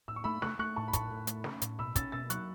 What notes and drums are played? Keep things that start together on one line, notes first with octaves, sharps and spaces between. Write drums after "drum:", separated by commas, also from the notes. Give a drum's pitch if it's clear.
A2 E6
C#6
A3 B5 E6
A3 C#6 F#6, drum: snare
A3 C#6 F#6
A2 A5 C#6
B5
A2 A5 C#6, drum: kick, hi-hat
A2
A3, drum: hi-hat
C#4, drum: snare
A2, drum: hi-hat
B2 B5 E6
C#4 E6 A6, drum: kick, hi-hat
B2 E6 A6
F#3 C#6 F#6, drum: hi-hat